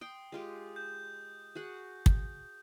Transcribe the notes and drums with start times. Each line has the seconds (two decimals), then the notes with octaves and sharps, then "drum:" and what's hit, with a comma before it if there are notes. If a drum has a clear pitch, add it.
0.01 G5 C6 D#6
0.32 G#3 F4 G4
0.76 G6
1.55 F#4 G#4 F#5
2.06 drum: kick